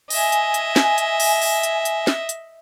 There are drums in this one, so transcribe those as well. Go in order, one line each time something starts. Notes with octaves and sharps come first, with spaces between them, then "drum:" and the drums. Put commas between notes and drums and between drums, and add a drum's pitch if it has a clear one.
D#5 E5 G#5, drum: open hi-hat
drum: hi-hat
drum: hi-hat
drum: snare
drum: hi-hat
drum: open hi-hat
drum: open hi-hat
drum: hi-hat
drum: hi-hat
drum: snare
drum: hi-hat